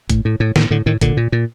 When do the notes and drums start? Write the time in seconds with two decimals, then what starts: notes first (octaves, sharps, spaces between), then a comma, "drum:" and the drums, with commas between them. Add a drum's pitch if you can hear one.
0.10 A2, drum: kick, hi-hat
0.25 A2
0.40 A2
0.56 A2 D#3, drum: snare
0.71 A2 D3
0.86 A2 D#3
1.01 A#2 D3, drum: kick, hi-hat
1.17 A#2
1.32 A#2